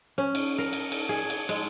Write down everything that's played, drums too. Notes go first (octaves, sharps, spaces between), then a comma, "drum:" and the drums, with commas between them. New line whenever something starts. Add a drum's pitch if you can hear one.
C#4
drum: cymbal
A#4
drum: cymbal
drum: cymbal
G#4
drum: cymbal
G#3, drum: cymbal